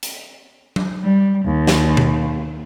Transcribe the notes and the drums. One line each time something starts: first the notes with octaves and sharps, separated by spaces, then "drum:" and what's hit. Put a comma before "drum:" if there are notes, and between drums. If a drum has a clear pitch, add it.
drum: hi-hat
drum: tom F#3
G3
D#2
drum: snare
drum: tom B2